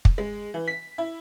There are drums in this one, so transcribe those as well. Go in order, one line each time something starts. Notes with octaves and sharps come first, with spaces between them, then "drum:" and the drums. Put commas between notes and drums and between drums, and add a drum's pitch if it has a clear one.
drum: kick
G#3
E3
B6
E4